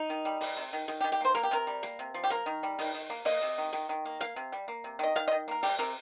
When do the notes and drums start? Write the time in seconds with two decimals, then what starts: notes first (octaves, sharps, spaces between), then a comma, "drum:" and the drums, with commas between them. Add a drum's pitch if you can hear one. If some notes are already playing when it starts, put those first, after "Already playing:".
Already playing: D#4
0.10 D#3
0.25 G3
0.41 G3, drum: open hi-hat
0.57 C3
0.73 D#3
0.88 D#3, drum: hi-hat
1.01 G4
1.04 D#3
1.12 G4, drum: hi-hat
1.21 A#3 C5
1.35 A#3 A#4, drum: hi-hat
1.43 G4
1.51 C3 A#4
1.67 G3
1.83 A#3, drum: hi-hat
1.99 C3
2.14 F3
2.24 G4
2.30 A#3 A#4, drum: hi-hat
2.46 D#3
2.63 G3
2.79 D#3, drum: open hi-hat
2.94 D#3
3.10 A#3
3.25 A#3 D#5, drum: open hi-hat
3.42 C3
3.58 D#3
3.73 D#3, drum: hi-hat
3.89 D#3
4.05 A#3
4.20 A#3 F5, drum: hi-hat
4.36 C3
4.52 G3
4.68 A#3
4.84 C3
4.99 D#3 D#5
5.16 D#3 F5, drum: hi-hat
5.28 D#5
5.32 D#3
5.48 A#3 A#4
5.63 G3 G4, drum: open hi-hat
5.78 C3 A#4